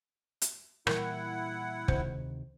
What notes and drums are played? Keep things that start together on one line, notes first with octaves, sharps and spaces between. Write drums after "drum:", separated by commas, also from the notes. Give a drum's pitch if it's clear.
drum: hi-hat
A#2 E3 G3 E4 A#4 F#5, drum: rim click
D2 C3 D#3 C5, drum: kick